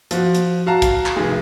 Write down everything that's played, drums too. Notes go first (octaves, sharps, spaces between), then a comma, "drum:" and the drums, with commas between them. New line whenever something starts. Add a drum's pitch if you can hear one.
F3 F#4, drum: hi-hat
drum: hi-hat
F#4 F5 A5 A#5
drum: kick, hi-hat
drum: clap
F1 D#3 G#4